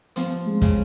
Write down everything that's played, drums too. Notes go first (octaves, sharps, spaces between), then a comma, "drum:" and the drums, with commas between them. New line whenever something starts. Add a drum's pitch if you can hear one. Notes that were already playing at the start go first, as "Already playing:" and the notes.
F3 B3, drum: hi-hat
G#3
C#3, drum: kick, hi-hat